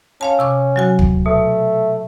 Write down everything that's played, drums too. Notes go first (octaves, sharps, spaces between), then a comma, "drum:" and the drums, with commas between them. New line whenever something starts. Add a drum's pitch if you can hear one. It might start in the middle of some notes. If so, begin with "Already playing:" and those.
C#4 C#5 F5 A5
C3 C#6 D6
F#3 F#4 G#5
drum: kick
B2 A3